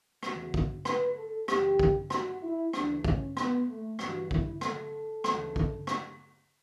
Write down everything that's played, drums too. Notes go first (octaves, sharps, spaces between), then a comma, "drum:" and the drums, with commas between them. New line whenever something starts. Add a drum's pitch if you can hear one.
E2 C#3 E3 F#4, drum: rim click
drum: kick
B4, drum: rim click
A4
F#2 C#3 E3 G4, drum: rim click
drum: kick
F#4, drum: rim click
E4
D2 C#3 E3 D4, drum: rim click
C#4, drum: kick
B3, drum: rim click
A3
G2 E3 F#4, drum: rim click
E4, drum: kick
A4, drum: rim click
D2 C#3 E3, drum: rim click
drum: kick
drum: rim click